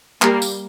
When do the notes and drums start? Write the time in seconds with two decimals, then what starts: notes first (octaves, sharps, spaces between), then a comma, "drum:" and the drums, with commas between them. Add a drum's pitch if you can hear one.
0.22 G3 A#3, drum: clap
0.42 drum: tambourine